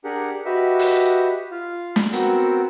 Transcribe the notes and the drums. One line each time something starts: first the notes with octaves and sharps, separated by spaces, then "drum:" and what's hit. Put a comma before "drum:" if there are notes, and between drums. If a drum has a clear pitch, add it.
D4 G4 G#4 A#4 F#5
F#4 G4 B4 D#5 E5
drum: open hi-hat
F4 F5
drum: snare
B3 C4 F#4 A#4 E6, drum: hi-hat